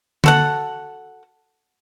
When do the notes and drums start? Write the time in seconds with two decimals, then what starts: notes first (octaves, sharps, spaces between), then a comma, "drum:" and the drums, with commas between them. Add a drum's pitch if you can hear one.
0.24 F#4 A4 F#5, drum: tom D3